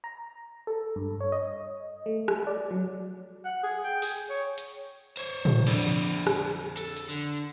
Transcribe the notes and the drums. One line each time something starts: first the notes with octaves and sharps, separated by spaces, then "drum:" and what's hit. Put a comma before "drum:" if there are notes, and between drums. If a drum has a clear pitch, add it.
A#5
A4
G2
C#5
D#5
A3
drum: rim click
D5
F#3
F#5
G#4
G5
G#4, drum: open hi-hat
C#5
drum: hi-hat
C5 C#5
drum: tom A2
F2 D3 G#4 D5, drum: cymbal
drum: hi-hat
drum: rim click
A4, drum: hi-hat
drum: hi-hat
D3